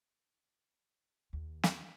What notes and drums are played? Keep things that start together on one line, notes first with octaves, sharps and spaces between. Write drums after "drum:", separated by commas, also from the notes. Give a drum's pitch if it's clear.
D#2
drum: snare